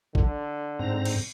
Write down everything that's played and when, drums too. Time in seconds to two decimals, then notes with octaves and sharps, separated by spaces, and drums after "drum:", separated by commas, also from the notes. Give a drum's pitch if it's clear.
0.15 D3, drum: kick
0.79 G#2 C4 A#5
1.05 drum: cymbal